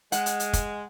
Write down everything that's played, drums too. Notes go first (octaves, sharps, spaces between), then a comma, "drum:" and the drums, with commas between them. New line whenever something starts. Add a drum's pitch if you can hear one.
G#3 F#5, drum: hi-hat
drum: hi-hat
drum: hi-hat
drum: kick, hi-hat